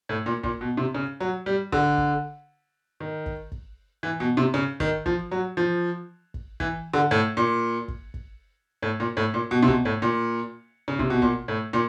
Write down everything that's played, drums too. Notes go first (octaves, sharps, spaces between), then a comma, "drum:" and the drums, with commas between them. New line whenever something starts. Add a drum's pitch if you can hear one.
A2
A#2
A#2, drum: kick
B2
C3
C#3
F#3
G3
D3, drum: kick
drum: kick
D#3
drum: kick
drum: kick
E3
B2
C3
C#3
D#3, drum: kick
F3, drum: kick
F#3
F3
drum: kick
E3, drum: kick
D3
A2
A#2
drum: kick
drum: kick
A2
A#2
A2
A#2
B2
C3
B2, drum: kick
A2
A#2
C#3
C3, drum: kick
B2
A#2, drum: kick
A2
A#2